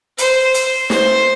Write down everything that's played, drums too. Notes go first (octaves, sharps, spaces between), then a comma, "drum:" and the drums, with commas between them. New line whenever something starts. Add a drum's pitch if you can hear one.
C5, drum: hi-hat
drum: hi-hat
C5, drum: snare